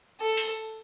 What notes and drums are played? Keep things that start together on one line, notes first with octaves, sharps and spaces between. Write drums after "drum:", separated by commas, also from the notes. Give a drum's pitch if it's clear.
A4
drum: open hi-hat